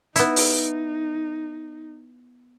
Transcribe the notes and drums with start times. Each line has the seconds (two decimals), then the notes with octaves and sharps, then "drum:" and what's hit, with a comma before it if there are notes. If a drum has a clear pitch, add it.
0.16 B3 D#4 E4, drum: hi-hat
0.36 drum: open hi-hat